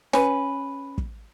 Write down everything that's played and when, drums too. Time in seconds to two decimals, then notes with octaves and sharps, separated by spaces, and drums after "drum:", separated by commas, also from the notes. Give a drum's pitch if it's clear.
0.13 C#4 B4, drum: snare
0.98 drum: kick